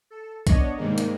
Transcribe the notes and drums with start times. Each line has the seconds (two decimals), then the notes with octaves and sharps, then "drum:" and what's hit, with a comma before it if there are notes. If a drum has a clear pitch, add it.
0.10 A4
0.47 B3 D4 C#5 D#5, drum: kick, hi-hat
0.77 G#2 C3 D#3 G3 G#3 A#3
0.98 drum: hi-hat